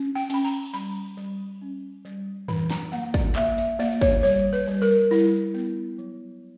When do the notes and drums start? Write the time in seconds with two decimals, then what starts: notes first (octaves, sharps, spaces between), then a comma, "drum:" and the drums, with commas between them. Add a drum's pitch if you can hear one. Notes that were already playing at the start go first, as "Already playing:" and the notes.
Already playing: C#4
0.15 G5
0.30 C#4 B5, drum: cymbal
0.45 A#5
0.74 G3 B5
1.17 G3
1.62 C#4
2.05 G3
2.48 E3 B5, drum: tom
2.71 A#5, drum: snare
2.92 A#3 F#5
3.14 D5, drum: kick
3.36 A#3 E5, drum: clap
3.58 E5, drum: hi-hat
3.79 A#3 D5
4.01 C#5, drum: kick
4.23 G3 C#5
4.53 B4
4.67 G3
4.82 A#4
5.11 G3 E4
5.54 B3
5.98 F#3